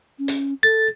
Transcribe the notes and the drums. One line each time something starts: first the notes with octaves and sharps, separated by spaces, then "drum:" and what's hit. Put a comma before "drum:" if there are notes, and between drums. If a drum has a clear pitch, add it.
C#4
drum: hi-hat
A4 A6